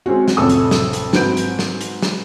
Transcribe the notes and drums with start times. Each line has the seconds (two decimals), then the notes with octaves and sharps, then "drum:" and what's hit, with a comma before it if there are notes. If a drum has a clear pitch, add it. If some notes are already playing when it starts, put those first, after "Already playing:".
0.06 G#3 C4 C#4 F#4
0.28 drum: snare
0.37 A1 F2 C3 A4 D#6
0.49 drum: hi-hat
0.71 drum: snare
0.93 drum: hi-hat
1.13 G#2 F#3 C4 B4 G6 D7, drum: snare
1.37 drum: hi-hat
1.59 drum: snare
1.81 drum: hi-hat
2.02 drum: snare